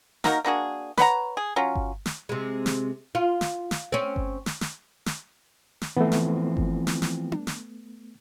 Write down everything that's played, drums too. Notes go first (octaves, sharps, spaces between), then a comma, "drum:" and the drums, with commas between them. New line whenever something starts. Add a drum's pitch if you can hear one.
A#3 D#4 F#4 A#4, drum: snare
A#3 D4 F#4 G#4
B4 C#5 F#5 A#5, drum: snare
G#4
F#3 C#4 F4
drum: kick G1
drum: snare
C3 G#3
drum: snare
F4
drum: snare
drum: snare
C4 C#4
drum: kick G1
drum: snare
drum: snare
drum: snare
drum: snare
E3 F3 A3 B3 C4
drum: snare
drum: kick G1
drum: snare
drum: snare
drum: tom D4
drum: snare